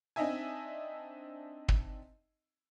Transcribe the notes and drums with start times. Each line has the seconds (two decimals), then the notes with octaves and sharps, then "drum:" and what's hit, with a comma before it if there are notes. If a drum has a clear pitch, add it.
0.16 C4 D4 D#4 D#5 E5 G#5
1.69 drum: kick